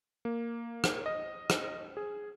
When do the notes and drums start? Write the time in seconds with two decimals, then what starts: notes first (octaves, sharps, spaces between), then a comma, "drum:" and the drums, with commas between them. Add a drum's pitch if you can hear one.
0.25 A#3
0.84 drum: rim click
1.06 D#5
1.50 drum: rim click
1.97 G#4